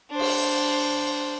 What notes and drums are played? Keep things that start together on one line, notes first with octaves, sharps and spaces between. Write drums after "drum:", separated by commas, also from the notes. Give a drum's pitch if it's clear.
D4 C5
drum: cymbal